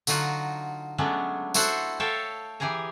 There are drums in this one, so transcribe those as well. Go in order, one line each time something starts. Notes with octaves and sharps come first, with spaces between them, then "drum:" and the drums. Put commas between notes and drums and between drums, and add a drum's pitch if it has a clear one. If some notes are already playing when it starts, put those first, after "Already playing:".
D3 F#3 D#4 F4 F#4, drum: tambourine
F#3 G#3 A3 B3 C#4 D4
E4 F#4 A4 C5 E5 F#5, drum: tambourine
A4 C#5 E5 F5 G5 A5
E3 G4 G#4 G#5 A#5